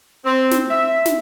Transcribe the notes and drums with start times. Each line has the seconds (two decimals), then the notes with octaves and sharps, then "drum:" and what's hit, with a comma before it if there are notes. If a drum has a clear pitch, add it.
0.25 C4
0.51 drum: snare
0.69 E5
1.05 drum: snare